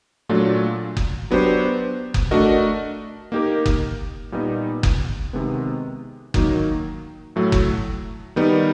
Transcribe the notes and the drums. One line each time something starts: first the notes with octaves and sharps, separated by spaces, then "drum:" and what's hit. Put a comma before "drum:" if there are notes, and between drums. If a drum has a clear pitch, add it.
A#2 F#3 A3 D4 F4
drum: kick F#1
F#3 B3 D4 G4 C5
drum: kick F#1
A3 D4 F#4 A#4 D#5
A#3 D#4 G4 A#4
drum: kick F#1
A#2 G3 B3 D#4
drum: kick F#1
C3 D#3 G#3 B3
D#3 F#3 A#3 D#4, drum: kick F#1
A2 F#3 A3
drum: kick F#1
D#3 G3 B3 D#4